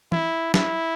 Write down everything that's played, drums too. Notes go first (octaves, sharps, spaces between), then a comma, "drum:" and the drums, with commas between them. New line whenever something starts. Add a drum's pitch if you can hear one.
E4, drum: tom
E4, drum: snare